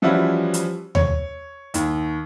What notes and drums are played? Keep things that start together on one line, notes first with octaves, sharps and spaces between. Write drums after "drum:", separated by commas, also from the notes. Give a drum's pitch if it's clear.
E3 F3 G3 C#4 E4 F#4
drum: hi-hat
C#5, drum: tom D#2
D#2, drum: hi-hat